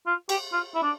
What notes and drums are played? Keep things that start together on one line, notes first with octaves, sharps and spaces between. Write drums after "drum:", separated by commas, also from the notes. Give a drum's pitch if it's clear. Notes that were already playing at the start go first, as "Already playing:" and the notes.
F4
G4, drum: cymbal
F4
E4
D4